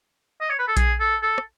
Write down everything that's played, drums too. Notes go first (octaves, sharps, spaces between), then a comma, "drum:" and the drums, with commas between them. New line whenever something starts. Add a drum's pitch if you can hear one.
D#5
C#5
B4
A4
G#4, drum: kick A#1, hi-hat
A4
A4
drum: rim click